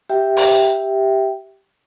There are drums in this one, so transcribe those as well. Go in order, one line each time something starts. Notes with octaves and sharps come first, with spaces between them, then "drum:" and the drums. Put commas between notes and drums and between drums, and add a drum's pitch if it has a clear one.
G4 E5 G5
drum: open hi-hat